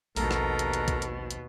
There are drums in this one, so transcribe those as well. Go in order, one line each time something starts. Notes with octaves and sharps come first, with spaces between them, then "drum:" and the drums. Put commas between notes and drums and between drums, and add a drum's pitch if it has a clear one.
A#1 D#2 B2 A4 A#4 A#5, drum: open hi-hat
drum: rim click
drum: hi-hat
drum: hi-hat
drum: kick, hi-hat
drum: hi-hat
drum: hi-hat